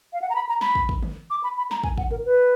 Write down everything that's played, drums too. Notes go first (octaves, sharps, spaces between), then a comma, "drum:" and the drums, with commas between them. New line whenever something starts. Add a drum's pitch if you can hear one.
F5
F#5
A#5
B5
A#5
B5, drum: snare
drum: kick
drum: kick
drum: tom D3
D6
B5
B5
A#5, drum: snare
G#5, drum: kick
F#5, drum: kick
A#4, drum: tom G2
B4